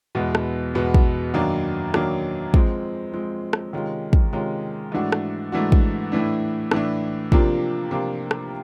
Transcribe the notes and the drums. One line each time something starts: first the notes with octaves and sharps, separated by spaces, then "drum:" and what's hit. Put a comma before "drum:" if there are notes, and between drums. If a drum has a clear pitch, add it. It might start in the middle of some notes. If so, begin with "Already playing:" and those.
E2 B2 G#3 B3
drum: rim click
E2 B2 G#3 B3
drum: kick
F#2 D#3 F#3 A#3 D4
F#2 D#3 F#3 A#3 D4, drum: rim click
F3 G#3 C4, drum: kick
F3 G#3 C4
drum: rim click
C3 D#3 G#3 C#4 F4
drum: kick
C3 D#3 G#3 C#4 F4
G#2 E3 A3 D4 F#4
drum: rim click
G#2 E3 A3 D4 F#4
drum: kick
A2 E3 A3 D4
A2 E3 A3 D4, drum: rim click
C3 F3 A#3 D4 F4, drum: kick
C3 F3 A#3 D4 F4
drum: rim click